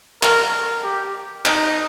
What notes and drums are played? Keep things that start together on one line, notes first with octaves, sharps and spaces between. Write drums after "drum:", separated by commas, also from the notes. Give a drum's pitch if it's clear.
A#4, drum: clap
G4
D#4, drum: clap